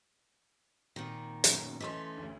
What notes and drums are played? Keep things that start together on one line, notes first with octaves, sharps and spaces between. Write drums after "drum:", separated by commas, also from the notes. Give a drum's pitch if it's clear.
A#2 D#3 C4
F#2 B2 F#3, drum: hi-hat
E3 A3 C#4 D#5 C6
A1 D2